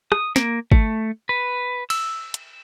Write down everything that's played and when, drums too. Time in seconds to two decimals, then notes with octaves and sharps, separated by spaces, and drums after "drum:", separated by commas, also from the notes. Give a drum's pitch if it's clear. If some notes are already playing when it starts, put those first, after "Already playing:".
0.12 D#6, drum: rim click
0.36 A#3, drum: snare
0.72 A3, drum: kick
1.29 B4
1.90 E6, drum: cymbal
2.34 drum: hi-hat